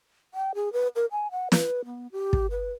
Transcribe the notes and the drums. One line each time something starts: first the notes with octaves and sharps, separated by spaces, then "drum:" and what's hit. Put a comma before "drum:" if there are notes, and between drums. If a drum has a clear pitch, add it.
G5
G#4
B4
A#4
G#5
F#5
B4, drum: snare
B3
G4
drum: kick
B4